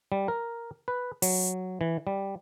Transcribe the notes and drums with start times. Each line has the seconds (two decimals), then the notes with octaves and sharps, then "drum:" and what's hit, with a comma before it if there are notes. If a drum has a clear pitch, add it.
0.12 G3
0.28 A#4
0.88 B4
1.22 F#3, drum: open hi-hat
1.81 E3
2.07 G3